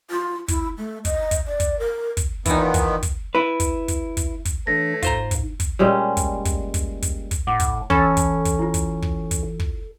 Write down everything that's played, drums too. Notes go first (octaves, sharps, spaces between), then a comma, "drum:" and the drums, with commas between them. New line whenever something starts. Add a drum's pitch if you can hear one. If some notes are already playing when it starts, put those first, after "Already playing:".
F4
E4, drum: kick, hi-hat
A3
D#5, drum: kick, hi-hat
drum: kick, hi-hat
D5
drum: kick, hi-hat
A#4
drum: kick, hi-hat
A#2 D#3 E3 B3 D#4, drum: kick, hi-hat
drum: kick, hi-hat
drum: kick, hi-hat
E4 B4
drum: kick, hi-hat
drum: kick, hi-hat
drum: kick, hi-hat
drum: kick, hi-hat
E3 A3 D4 C#5 A#6
G#2 F4 C5 A#5, drum: kick, hi-hat
drum: kick, hi-hat
drum: kick, hi-hat
A#2 G3 G#3 C#4
drum: kick, hi-hat
drum: kick, hi-hat
drum: kick, hi-hat
drum: kick, hi-hat
drum: kick, hi-hat
A2 F#5 D6
drum: kick, hi-hat
E3 C#4 A4 B5 C#6, drum: kick
drum: kick, hi-hat
drum: kick, hi-hat
E4 F4
drum: kick, hi-hat
drum: kick
drum: kick, hi-hat
drum: kick